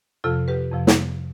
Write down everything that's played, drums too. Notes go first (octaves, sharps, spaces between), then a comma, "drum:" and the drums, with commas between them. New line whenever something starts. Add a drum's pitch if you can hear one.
F2 C3 F3 F4 A4
G4 B4
F2 C3 F3
drum: snare